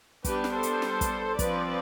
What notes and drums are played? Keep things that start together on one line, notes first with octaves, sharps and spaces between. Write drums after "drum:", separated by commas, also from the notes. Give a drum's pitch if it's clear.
G3 B3 D4 G4 B4, drum: kick, hi-hat
drum: snare
A4 C5
drum: hi-hat
drum: snare
drum: kick, hi-hat
F3 C4 B4 D5, drum: kick, hi-hat